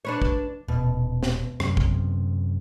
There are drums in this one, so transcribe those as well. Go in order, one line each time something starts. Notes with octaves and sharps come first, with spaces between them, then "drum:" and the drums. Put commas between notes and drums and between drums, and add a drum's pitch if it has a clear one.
D4 B4 C#5
drum: kick
D#1 B2
drum: snare
F#2 C3, drum: rim click
drum: kick